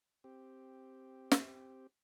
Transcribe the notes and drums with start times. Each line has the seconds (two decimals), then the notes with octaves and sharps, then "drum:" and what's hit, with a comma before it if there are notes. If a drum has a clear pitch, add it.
0.24 C4 G4
1.32 drum: snare